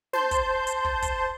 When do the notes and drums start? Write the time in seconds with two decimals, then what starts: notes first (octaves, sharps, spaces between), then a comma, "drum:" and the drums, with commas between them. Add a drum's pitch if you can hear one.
0.13 C5 A5 C6 G6, drum: snare
0.31 drum: kick, hi-hat
0.67 drum: hi-hat
0.85 drum: kick
1.02 drum: kick, hi-hat